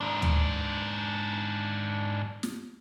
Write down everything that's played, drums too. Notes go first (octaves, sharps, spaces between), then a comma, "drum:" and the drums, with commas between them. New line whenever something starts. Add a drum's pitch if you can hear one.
G#2 D4
drum: tom D2
drum: snare